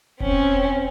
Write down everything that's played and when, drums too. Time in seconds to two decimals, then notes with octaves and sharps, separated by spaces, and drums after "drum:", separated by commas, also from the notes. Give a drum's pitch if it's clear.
0.20 C4 C#4, drum: kick E1